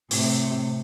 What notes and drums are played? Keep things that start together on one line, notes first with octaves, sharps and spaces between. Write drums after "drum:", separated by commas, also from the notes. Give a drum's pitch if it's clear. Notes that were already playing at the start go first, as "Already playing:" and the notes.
A2 C3, drum: open hi-hat